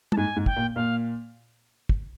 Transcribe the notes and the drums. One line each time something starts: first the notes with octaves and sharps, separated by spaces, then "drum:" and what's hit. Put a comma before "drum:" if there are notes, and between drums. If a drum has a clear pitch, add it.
A5, drum: tom
G#2 G#5
G#2
G5, drum: kick
A#2
A#2 F5
drum: kick